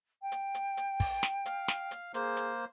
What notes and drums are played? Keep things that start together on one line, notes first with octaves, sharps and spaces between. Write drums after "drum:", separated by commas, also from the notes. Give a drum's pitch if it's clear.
G5
drum: hi-hat
drum: hi-hat
drum: hi-hat
drum: kick, open hi-hat
drum: snare
F5, drum: hi-hat
drum: snare
drum: hi-hat
A#3 G#4 C5, drum: hi-hat
drum: hi-hat